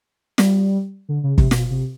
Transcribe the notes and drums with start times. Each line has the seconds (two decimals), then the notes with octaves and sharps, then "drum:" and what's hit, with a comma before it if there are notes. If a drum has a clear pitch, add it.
0.38 G3, drum: snare
1.09 D3
1.23 C#3
1.38 C3, drum: kick
1.51 B2, drum: snare
1.70 C3